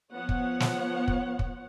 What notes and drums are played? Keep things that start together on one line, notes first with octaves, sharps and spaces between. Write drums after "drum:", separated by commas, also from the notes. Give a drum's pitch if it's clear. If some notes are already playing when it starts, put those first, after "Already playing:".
F3 B3 C#5 F#5
drum: kick
drum: snare
drum: kick
drum: kick